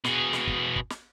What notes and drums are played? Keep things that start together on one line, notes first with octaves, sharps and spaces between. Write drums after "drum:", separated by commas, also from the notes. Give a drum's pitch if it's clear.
B2 G#4, drum: snare
drum: snare
drum: kick
drum: kick
drum: snare